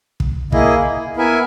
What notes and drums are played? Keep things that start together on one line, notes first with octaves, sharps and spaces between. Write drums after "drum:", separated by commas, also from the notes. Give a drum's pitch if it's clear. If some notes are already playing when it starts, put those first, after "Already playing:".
drum: kick
A#3 E4 G#4 D#5, drum: kick
B3 E4 A#4 E5 G#5